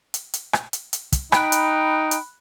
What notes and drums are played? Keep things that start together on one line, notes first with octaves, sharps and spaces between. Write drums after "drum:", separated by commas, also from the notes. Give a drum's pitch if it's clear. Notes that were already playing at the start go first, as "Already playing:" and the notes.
drum: hi-hat
drum: hi-hat
drum: rim click
drum: hi-hat
drum: hi-hat
drum: kick, hi-hat
D#4 G5 B5 F#6, drum: rim click
drum: hi-hat
drum: hi-hat